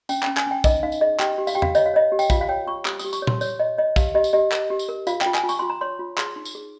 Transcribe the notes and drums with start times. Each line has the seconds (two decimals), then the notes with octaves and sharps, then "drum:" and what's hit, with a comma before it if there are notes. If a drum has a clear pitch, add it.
0.09 C#4 G5, drum: tambourine
0.23 G5, drum: clap
0.27 C#4
0.37 G#5, drum: clap
0.46 C#4 G5
0.64 D#4 D#5, drum: kick, tambourine
0.83 D#4 F5
0.92 drum: tambourine
1.01 G#4 D#5
1.20 G4 G5, drum: clap
1.38 G4
1.47 F5, drum: tambourine
1.55 G4 G5
1.62 F5, drum: tom E2
1.75 C#5 D#5, drum: tambourine
1.86 F5
1.94 C#5 D#5
2.12 G4
2.19 G5, drum: tambourine
2.30 F4 F5, drum: kick, tambourine
2.41 F5
2.49 C#5 G5
2.67 F4 C#6
2.85 G4 D#6, drum: clap
2.99 D#6, drum: tambourine
3.05 G4
3.13 C#6, drum: tambourine
3.22 C#5
3.27 C6, drum: tom
3.41 C#5, drum: tambourine
3.59 C#5 D#5
3.78 C#5 D#5
3.96 G4 F5, drum: kick, tambourine
4.15 G4 D#5
4.24 drum: tambourine
4.33 G4 D#5
4.52 A#4, drum: clap
4.70 G4
4.79 drum: tambourine
4.89 A#4
5.07 F4 F5, drum: tambourine
5.21 G5, drum: clap
5.26 F4
5.34 G#5, drum: clap
5.44 F4
5.49 C#6, drum: tambourine
5.59 F4 C6
5.70 A#5
5.81 C#5 C6
5.99 F4
6.18 G#4 C6, drum: clap
6.36 D#4
6.45 drum: tambourine
6.55 G#4